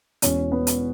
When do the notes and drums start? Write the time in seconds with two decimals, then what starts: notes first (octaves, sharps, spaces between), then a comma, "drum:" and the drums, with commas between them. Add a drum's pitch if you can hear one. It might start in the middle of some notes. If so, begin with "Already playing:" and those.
0.22 E1 E2 B2 C#4, drum: hi-hat
0.52 B3
0.67 drum: hi-hat